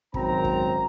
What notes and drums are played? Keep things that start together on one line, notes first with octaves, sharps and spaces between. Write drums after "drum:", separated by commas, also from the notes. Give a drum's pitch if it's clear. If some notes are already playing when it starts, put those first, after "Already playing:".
G#1 F#2 C4 A#5, drum: kick
drum: kick